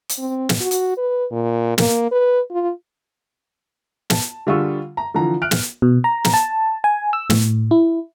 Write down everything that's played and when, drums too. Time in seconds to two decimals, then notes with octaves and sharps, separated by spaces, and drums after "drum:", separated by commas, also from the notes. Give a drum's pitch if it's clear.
0.09 drum: hi-hat
0.19 C4
0.49 drum: snare
0.61 F#4
0.71 drum: hi-hat
0.97 B4
1.32 A#2
1.78 A#3, drum: snare
2.12 B4
2.51 F4
4.10 A5, drum: snare
4.47 D3 G3 F4 G#4 C#6 E6
4.97 A#5
5.14 D3 E3 F3 A#5
5.42 F6 F#6 D7
5.51 drum: snare
5.82 B2
6.04 A#5
6.24 drum: snare
6.34 A5
6.84 G#5
7.13 E6
7.30 A2, drum: snare
7.71 E4